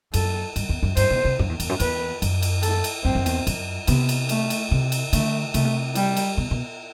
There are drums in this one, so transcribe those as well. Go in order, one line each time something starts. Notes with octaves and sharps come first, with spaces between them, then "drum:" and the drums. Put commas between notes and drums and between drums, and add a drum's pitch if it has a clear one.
F#2 A4, drum: cymbal
G2, drum: cymbal
E2
F#2
G2 C5, drum: cymbal
B2
C3
F#2, drum: tom
E2
E2, drum: cymbal
F#2
E2 B4, drum: cymbal
F#2, drum: cymbal
drum: cymbal
A4, drum: cymbal
drum: cymbal
F#2 C4
F#2
E2, drum: cymbal
F#2, drum: cymbal
C3 B3, drum: cymbal
drum: cymbal
A3, drum: cymbal
drum: cymbal
C3
drum: cymbal
D3 A3, drum: cymbal
C3 A3, drum: cymbal
G3, drum: cymbal
drum: cymbal
B2
B2